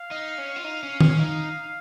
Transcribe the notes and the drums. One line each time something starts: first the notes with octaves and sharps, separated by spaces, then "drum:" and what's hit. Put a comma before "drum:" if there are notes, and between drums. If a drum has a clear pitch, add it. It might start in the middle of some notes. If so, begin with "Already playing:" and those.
Already playing: F5
D#4
C#4
F4
D#4
C#4
C#4, drum: tom
D#4 F5